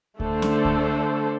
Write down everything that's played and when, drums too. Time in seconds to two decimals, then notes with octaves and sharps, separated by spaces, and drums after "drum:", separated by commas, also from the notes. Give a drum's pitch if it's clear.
0.20 D3 A3 D4 A4 C5, drum: kick C#2
0.42 drum: snare C#4
0.65 drum: kick C#2